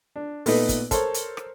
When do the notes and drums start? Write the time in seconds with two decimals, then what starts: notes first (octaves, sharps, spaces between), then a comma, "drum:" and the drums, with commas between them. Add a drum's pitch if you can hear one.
0.16 D4
0.46 A#2 A3 B3 D#4 B4, drum: open hi-hat
0.69 drum: kick, hi-hat
0.91 A4 A#4 C5 C#5, drum: kick, hi-hat
1.14 drum: hi-hat
1.37 drum: rim click